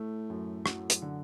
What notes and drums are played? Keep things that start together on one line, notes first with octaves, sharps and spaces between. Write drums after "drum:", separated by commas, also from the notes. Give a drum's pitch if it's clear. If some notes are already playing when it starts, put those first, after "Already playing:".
Already playing: A2 A3
F#2
F#3, drum: rim click
drum: hi-hat
D3